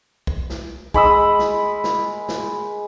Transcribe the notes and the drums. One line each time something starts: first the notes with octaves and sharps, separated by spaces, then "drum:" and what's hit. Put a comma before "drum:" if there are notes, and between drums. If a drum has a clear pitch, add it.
drum: kick
drum: snare
G#3 B5 D#6 E6, drum: kick
drum: snare
drum: snare
drum: snare